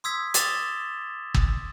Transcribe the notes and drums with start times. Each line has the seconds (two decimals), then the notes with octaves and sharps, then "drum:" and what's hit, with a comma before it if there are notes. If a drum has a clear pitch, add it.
0.04 C6 D#6 E6 G#6 B6
0.34 D6 D#6 A6 E7 F7 G7, drum: hi-hat
1.34 drum: kick G1